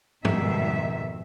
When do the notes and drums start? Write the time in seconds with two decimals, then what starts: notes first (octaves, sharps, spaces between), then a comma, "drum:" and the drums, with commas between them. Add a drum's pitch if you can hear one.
0.25 F2 G#2 B2 D#3 G3 E5, drum: tom G2